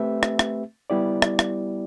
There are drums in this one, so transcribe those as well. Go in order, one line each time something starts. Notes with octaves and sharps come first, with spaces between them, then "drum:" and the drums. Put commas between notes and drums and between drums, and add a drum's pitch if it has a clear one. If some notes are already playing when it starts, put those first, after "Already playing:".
Already playing: A3 C4 G4 B4 E5
drum: rim click
drum: rim click
G3 B3 E4 G4 D5
drum: rim click
drum: rim click